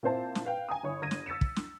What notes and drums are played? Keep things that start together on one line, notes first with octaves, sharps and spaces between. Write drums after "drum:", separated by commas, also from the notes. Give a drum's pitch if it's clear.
A#2 C4 E4 C5 A5
drum: snare
B4 F5 G5
G#5 A#5 D#6
G1 E4 C#5
G1 G#6 A#6 D#7
drum: snare
E6 A6 B6 C#7 E7
drum: kick
drum: snare